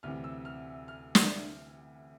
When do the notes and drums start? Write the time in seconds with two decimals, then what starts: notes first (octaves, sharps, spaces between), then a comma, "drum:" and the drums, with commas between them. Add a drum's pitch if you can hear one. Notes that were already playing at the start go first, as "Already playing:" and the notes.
0.03 D2 C3 E3 F6
0.24 E6
0.45 F6
0.88 F6
1.15 drum: snare